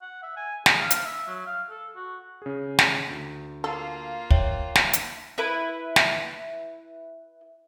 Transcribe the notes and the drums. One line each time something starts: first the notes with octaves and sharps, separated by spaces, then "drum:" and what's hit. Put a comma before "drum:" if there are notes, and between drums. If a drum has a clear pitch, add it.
F#5
E5
G#5
G#4, drum: snare
F5
drum: hi-hat
E5
F#3
F5
A4
F#4
C#3 G#4
drum: snare
D2
A#3 F4 A4
C#5 E5 G5, drum: kick
drum: snare
drum: hi-hat
E4 B4
drum: snare